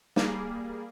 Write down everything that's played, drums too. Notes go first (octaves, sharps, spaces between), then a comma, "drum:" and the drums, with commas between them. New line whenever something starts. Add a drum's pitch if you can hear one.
G3 A#3 G#4, drum: snare